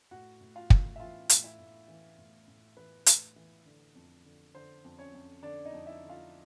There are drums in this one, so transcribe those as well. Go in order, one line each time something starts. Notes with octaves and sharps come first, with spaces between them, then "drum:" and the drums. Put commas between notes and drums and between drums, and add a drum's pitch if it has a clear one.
A2 F#4 F#5
A2
F4 F5
A2, drum: kick
E5
E3 F4 F5
A2, drum: hi-hat
E4 E5
A2
E3
A2
A2
E3 B4
A2, drum: hi-hat
E3
D3
F2
D3
D3 C5
F2
C#4 C#5
F2
D3 D4 D5
D#4 D#5
F2
E4 E5
D3
F4 F5